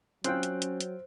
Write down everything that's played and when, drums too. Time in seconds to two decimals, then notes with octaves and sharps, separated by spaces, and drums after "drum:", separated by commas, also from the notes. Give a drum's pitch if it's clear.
0.24 F#3 C4 C#4 F4 C5 G5 F#6, drum: hi-hat
0.43 drum: hi-hat
0.62 drum: hi-hat
0.80 drum: hi-hat